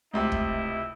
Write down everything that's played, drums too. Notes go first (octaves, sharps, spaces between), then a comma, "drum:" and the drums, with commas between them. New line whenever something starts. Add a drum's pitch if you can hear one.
C#2 C3 A3 E4
drum: kick